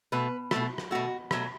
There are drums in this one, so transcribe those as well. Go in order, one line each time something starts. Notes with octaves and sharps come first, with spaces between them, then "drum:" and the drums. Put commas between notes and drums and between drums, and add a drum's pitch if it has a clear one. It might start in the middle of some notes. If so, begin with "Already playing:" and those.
B2 A3 B4
B2 A3, drum: rim click
drum: rim click
B2 A3 F#4
B2 F#3 A3, drum: rim click